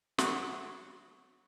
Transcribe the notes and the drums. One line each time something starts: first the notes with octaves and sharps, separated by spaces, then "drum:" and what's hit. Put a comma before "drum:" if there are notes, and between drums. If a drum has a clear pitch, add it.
F#4, drum: snare